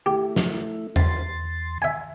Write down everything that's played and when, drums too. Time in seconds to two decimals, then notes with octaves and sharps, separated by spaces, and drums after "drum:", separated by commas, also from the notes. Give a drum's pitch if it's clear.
0.06 A3 E4 G4
0.36 drum: snare
0.96 E2 C6 A6, drum: tom E2
1.82 E5 G#5